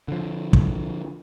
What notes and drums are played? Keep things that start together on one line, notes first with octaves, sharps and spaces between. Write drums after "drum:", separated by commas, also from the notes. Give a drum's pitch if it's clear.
D3 F3
drum: kick